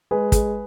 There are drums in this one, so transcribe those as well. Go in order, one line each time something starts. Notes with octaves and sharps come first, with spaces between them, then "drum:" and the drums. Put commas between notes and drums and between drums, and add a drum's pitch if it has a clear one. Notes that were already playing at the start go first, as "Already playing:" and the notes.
G#3 G#4 B4
G#3, drum: kick, hi-hat